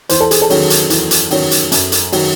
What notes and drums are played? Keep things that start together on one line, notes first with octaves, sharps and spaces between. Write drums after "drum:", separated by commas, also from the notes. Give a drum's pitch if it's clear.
E2 C5, drum: hi-hat
A4
G#4, drum: hi-hat
A4
D#3 F#3 C#4, drum: open hi-hat
drum: hi-hat
E2, drum: hi-hat
drum: hi-hat
D#3 F#3 C#4, drum: open hi-hat
drum: hi-hat
F#2, drum: hi-hat
drum: hi-hat
D#3 F#3, drum: open hi-hat